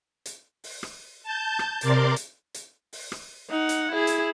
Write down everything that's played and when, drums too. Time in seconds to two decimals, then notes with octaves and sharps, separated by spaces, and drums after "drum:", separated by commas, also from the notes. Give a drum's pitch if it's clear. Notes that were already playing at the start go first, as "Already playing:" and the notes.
0.26 drum: hi-hat
0.64 drum: open hi-hat
0.83 drum: rim click
1.23 A5 G6
1.59 drum: rim click
1.81 C3 A#4 D5 C6 D6, drum: hi-hat
2.16 drum: hi-hat
2.54 drum: hi-hat
2.93 drum: open hi-hat
3.12 drum: rim click
3.50 D#4 F#5
3.69 drum: hi-hat
3.91 E4 G#4
4.07 drum: hi-hat